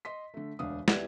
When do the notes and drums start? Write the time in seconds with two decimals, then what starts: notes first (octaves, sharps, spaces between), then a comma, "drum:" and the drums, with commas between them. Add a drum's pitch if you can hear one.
0.05 D#5 C6 B6
0.34 D3 A3
0.59 E1 D2 D4 F5 D#6
0.88 C2 B3 E4 G4 D5 G#6, drum: snare